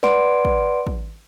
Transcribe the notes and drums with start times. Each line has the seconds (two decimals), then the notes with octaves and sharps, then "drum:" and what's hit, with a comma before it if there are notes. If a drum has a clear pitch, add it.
0.03 B4 D5 F#5 C6 D7, drum: snare
0.45 drum: kick
0.87 drum: kick